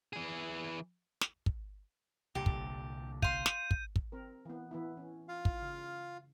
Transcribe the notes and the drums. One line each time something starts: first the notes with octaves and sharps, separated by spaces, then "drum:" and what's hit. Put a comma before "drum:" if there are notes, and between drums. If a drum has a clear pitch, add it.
E3 G#4
drum: snare
drum: kick
C2 A#2 D3 G4
drum: kick
F5 C6 G6 D#7, drum: kick
drum: snare
drum: kick
drum: kick
C4 A#4
E3 B3
E3 B3 E4
C#4
F4 F5
drum: kick
C#3